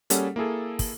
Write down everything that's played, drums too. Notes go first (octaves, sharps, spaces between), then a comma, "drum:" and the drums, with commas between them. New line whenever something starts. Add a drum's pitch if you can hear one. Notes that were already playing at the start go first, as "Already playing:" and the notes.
G3 A#3 C#4 G#4 A4 F#5, drum: hi-hat
A#3 E4 G#4 A4
drum: kick, open hi-hat